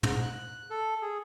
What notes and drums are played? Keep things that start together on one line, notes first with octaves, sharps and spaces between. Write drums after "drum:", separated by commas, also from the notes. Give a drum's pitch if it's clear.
G#2, drum: tom
F#6
A4
G#4